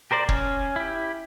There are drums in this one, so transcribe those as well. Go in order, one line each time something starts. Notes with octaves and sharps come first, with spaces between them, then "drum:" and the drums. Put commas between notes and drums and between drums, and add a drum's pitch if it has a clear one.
G4 A#4 C5 D5
C#4, drum: kick
E4 G4